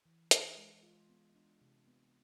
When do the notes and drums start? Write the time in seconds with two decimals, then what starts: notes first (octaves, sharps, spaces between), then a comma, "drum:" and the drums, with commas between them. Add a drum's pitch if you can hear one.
0.06 E3
0.31 E3, drum: hi-hat
0.57 G#3
0.83 F4
1.10 B3
1.35 D4
1.61 C3
1.87 B3